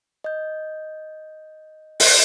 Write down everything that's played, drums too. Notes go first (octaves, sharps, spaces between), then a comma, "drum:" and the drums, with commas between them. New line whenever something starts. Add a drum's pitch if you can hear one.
D#5 G6
drum: open hi-hat